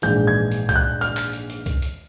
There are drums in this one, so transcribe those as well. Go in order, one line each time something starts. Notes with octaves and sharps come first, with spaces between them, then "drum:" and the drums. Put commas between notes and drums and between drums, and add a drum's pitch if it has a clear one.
A#1 G#2 E3 G#3 G6, drum: hi-hat
G#6
drum: hi-hat
G6, drum: kick, hi-hat
F#6
F6, drum: hi-hat
drum: clap
drum: hi-hat
drum: hi-hat
drum: kick, hi-hat
drum: hi-hat